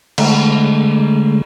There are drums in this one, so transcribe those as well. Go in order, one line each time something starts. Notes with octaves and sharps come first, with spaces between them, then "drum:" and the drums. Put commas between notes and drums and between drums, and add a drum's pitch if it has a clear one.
D3 G#3 A3, drum: cymbal